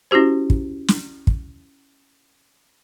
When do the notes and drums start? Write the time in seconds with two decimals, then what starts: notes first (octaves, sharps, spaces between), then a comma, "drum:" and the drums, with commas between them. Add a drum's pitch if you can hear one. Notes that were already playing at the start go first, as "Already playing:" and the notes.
0.11 C#4 E4 F#4 G4 C5
0.50 drum: kick
0.88 drum: snare
1.27 drum: kick